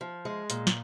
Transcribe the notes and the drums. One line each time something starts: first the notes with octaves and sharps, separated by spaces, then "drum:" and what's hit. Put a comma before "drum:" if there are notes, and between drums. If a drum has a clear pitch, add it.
F3
G#3
A#2, drum: hi-hat
drum: snare